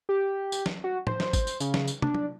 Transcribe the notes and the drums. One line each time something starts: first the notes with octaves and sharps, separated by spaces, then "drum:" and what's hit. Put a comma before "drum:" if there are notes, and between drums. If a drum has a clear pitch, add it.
G4
drum: tambourine
drum: snare
F#4
C5, drum: tom
drum: snare
drum: kick, tambourine
drum: tambourine
C#3, drum: tambourine
drum: snare
drum: tambourine
D4, drum: tom
drum: tom